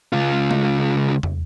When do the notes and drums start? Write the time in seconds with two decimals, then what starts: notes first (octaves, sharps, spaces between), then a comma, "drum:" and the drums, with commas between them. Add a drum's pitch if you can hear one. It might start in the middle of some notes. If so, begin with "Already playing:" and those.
0.13 C#2 F4
0.51 drum: tom G#3
1.23 drum: tom